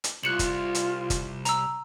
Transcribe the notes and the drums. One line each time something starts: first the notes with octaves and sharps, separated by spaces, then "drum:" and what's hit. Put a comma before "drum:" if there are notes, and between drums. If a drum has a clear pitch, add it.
drum: hi-hat
C2 F4 F#6 C#7 F#7
drum: kick, hi-hat
drum: hi-hat
drum: kick, hi-hat
A#5 E6, drum: hi-hat